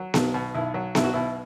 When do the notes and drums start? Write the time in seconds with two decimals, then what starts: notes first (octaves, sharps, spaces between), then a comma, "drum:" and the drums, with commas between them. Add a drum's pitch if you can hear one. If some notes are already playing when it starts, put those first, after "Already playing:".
Already playing: F#3
0.14 B1, drum: snare B3
0.34 B2
0.54 B1 E4
0.74 F#3
0.95 B1 E4, drum: snare B3
1.04 F#4
1.13 B2 E4